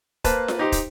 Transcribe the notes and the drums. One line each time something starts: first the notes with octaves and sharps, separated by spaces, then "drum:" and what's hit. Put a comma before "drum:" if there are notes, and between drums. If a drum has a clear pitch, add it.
A#3 B4 C5 A5, drum: kick, hi-hat
drum: snare F4
D#4 G4 C5
drum: kick, hi-hat